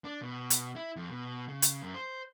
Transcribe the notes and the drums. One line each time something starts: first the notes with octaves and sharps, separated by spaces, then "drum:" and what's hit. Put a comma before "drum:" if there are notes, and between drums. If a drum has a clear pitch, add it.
D4
B2
drum: hi-hat
E4
F2
B2
C#3
drum: hi-hat
F#2
C5